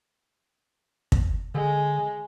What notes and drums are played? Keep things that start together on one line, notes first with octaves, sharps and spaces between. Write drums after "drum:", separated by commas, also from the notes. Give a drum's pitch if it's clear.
drum: kick
D3 G#3